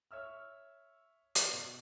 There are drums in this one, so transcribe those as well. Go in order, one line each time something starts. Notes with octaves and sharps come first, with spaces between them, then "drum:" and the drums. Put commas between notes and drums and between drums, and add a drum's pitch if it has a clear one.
C#5 E5 E6 F6
D5, drum: hi-hat
B2